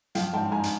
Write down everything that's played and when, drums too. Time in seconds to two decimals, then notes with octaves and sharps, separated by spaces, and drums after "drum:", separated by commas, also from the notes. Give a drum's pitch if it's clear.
0.15 F3 F5 G5, drum: hi-hat
0.33 G#2 G5 A5
0.51 G#2 G#5 A#5
0.63 drum: hi-hat